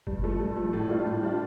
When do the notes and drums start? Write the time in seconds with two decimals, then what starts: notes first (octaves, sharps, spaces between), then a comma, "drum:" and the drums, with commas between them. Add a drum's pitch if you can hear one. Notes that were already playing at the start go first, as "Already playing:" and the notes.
0.07 G2, drum: kick
0.23 F3 A3
0.39 G2
0.56 F3 A3
0.73 A2
0.89 G3 D4 F4
1.06 A2
1.22 G3 D4 F4